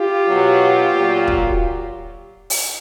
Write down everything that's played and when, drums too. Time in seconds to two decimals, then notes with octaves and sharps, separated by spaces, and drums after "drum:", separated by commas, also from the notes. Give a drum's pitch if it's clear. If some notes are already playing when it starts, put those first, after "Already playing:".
Already playing: F4 G4
0.26 B2 F#3
0.96 A#2 F#3
1.28 drum: kick
2.50 drum: open hi-hat